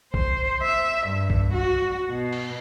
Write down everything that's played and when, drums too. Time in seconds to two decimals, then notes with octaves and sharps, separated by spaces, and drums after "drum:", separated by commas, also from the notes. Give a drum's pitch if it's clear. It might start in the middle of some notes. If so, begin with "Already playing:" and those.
0.14 C5, drum: kick A#1
0.63 E5
1.07 G2
1.30 drum: kick A#1
1.54 F#4
2.10 B2
2.33 drum: cymbal